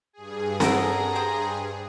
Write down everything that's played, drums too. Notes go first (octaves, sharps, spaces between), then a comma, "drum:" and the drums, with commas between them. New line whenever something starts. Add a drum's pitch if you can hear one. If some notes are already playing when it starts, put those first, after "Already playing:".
G2 G#4
F#4 A4 A#4 A#5, drum: snare C4
C5 G5